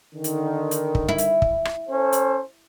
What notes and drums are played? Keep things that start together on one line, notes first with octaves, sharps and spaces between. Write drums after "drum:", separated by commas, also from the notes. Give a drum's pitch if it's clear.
D3 D#3
drum: hi-hat
drum: hi-hat
drum: kick
E4
drum: hi-hat
drum: kick
drum: rim click
C#4 A4 C5
drum: hi-hat